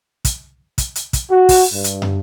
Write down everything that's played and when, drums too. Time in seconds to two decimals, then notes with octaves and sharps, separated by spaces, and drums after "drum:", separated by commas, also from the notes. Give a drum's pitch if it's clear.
0.25 drum: kick, hi-hat
0.78 drum: kick, hi-hat
0.95 drum: hi-hat
1.13 drum: kick, hi-hat
1.31 F#4
1.49 drum: kick, open hi-hat
1.73 G2
1.84 drum: hi-hat
2.02 drum: tom